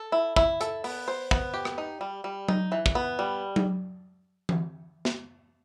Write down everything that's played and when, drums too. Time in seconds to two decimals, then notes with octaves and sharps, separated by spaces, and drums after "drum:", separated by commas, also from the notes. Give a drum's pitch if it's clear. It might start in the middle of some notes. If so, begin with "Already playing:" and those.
Already playing: A4
0.12 E4
0.36 E4, drum: kick
0.61 A4, drum: hi-hat
0.84 B3, drum: open hi-hat
1.08 C5
1.31 B3, drum: kick
1.54 G4
1.65 drum: rim click
1.78 D#4
2.01 G3
2.24 G3
2.49 D#4, drum: tom F#3
2.72 E3
2.86 drum: kick
2.95 B3
3.19 G3
3.56 drum: tom F#3
4.49 drum: tom E3
5.05 drum: snare